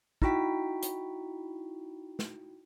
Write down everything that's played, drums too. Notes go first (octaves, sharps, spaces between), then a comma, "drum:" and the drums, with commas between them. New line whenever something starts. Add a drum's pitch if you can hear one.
D#4 E4 F#4 G5 B6, drum: kick
drum: hi-hat
drum: snare